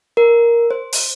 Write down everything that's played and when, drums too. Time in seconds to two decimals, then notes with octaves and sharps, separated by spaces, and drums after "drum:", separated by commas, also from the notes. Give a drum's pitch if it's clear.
0.17 A#4
0.71 C5
0.93 drum: open hi-hat